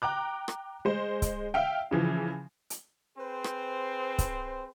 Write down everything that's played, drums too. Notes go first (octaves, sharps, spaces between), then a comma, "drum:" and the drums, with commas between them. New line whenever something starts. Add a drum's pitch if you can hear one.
G5 A#5 D6 F#6
drum: rim click
G#3 C5
drum: kick C#1, hi-hat
E5 F5 G5
C#3 E3 F3
drum: hi-hat
C4 G#4 B4 C5
drum: rim click
drum: kick C#1, hi-hat